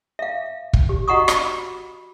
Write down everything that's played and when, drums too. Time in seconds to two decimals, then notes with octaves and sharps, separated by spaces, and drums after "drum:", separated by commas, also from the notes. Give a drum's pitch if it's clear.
0.19 E5 F5
0.73 drum: kick
0.89 G4
1.08 F#4 D#5 F#5 A#5 C#6 D#6
1.28 drum: rim click
1.46 B5